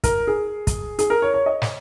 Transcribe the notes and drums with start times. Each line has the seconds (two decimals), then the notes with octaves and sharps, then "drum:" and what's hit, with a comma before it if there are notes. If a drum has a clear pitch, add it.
0.04 A#4, drum: kick, hi-hat
0.27 G#4
0.67 drum: kick, hi-hat
0.99 G#4, drum: hi-hat
1.10 A#4
1.22 C#5
1.34 C#5
1.46 D#5
1.62 drum: snare